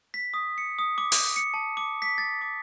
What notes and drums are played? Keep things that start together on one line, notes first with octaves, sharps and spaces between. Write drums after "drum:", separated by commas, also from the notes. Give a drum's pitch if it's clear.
B6
D#6
C#7
D#6
D6
drum: open hi-hat
C#7
A5
D6
B6
A6
D6